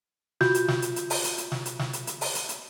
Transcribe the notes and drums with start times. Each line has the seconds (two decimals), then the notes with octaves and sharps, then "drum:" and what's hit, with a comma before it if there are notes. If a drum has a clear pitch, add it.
0.41 F4 F#4 G6, drum: snare
0.54 drum: hi-hat
0.68 drum: snare
0.82 drum: hi-hat
0.96 drum: hi-hat
1.10 drum: open hi-hat
1.24 drum: hi-hat
1.38 drum: hi-hat
1.52 drum: snare
1.66 drum: hi-hat
1.79 drum: snare
1.93 drum: hi-hat
2.07 drum: hi-hat
2.21 drum: open hi-hat
2.35 drum: hi-hat
2.49 drum: hi-hat